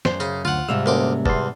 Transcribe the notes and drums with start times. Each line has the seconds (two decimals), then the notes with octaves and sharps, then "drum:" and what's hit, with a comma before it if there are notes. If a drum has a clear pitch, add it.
0.05 F#2 C5, drum: snare
0.20 C#3, drum: tambourine
0.45 D2 F4 F#5
0.68 G#2 C3 G3 F5 E6 F6
0.86 D2 A#3 C#4 C6 D6
1.26 E2 A5 C6, drum: kick